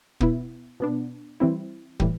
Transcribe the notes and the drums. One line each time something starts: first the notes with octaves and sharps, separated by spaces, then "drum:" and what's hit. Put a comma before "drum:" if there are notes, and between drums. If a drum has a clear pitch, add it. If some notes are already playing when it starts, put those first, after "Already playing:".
B2 B3 E4, drum: kick
B2 B3 D4
E3 G3 C4 E4
A2 E3 G3, drum: kick